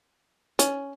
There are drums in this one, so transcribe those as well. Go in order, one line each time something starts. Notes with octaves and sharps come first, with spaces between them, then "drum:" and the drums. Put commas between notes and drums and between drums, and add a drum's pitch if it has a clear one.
C#4, drum: hi-hat